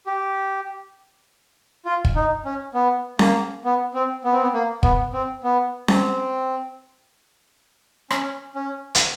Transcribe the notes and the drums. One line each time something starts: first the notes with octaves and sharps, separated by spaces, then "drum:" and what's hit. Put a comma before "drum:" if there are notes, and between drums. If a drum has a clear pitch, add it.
G4
F4
drum: kick
D#4
C#4
B3
A#3, drum: snare C#4
B3
C4
B3
C4
B3
A#3
B3, drum: kick
C4
B3
C4, drum: snare C#4
C#4, drum: rim click
C#4
drum: hi-hat